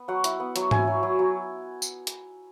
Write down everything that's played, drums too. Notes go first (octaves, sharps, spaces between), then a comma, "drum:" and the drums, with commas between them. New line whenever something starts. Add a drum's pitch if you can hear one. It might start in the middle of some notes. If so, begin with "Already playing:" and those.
Already playing: B3
F#3 F#5
E4, drum: hi-hat
B3
F#3, drum: hi-hat
E4 G#5, drum: tom G#2
F#3
F#3
F#3
drum: tambourine
drum: hi-hat